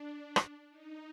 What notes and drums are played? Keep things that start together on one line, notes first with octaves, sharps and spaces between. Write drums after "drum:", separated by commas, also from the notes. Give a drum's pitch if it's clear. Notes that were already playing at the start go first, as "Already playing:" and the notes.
Already playing: D4
drum: rim click
D#4